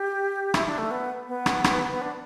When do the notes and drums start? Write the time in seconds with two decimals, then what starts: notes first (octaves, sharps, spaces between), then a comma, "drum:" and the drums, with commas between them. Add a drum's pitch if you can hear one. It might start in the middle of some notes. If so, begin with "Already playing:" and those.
Already playing: G4
0.54 E4, drum: rim click
0.66 D4
0.78 A3
0.91 B3
1.28 B3
1.46 drum: rim click
1.64 drum: rim click
1.92 B3
2.02 D4